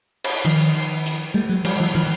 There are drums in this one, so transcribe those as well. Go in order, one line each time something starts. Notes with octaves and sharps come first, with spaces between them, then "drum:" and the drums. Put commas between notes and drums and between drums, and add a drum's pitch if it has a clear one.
drum: cymbal
D#3 F3
drum: hi-hat
G3 A3
F#3 G#3
F3 G3, drum: cymbal
E3 F#3
D#3 F3